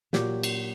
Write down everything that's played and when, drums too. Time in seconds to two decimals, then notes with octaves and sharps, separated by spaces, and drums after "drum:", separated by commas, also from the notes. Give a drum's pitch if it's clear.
0.13 A#2 F#3 G4, drum: snare
0.43 drum: cymbal